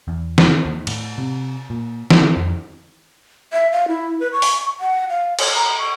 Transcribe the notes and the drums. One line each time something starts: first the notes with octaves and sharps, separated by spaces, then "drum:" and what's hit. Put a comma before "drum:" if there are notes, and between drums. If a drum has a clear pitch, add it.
E2
drum: snare
D#2
A2, drum: cymbal
C3
A#2
F3, drum: snare
F2
E5
F5
E4
B4
C#6
drum: open hi-hat
F#5
F5
C#5, drum: cymbal
A#5
C#6